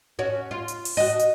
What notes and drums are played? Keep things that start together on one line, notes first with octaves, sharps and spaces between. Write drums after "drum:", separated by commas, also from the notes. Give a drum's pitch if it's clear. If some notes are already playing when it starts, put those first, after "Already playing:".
C#4 F#4
F4
drum: hi-hat
drum: open hi-hat
F#4 D#5
drum: hi-hat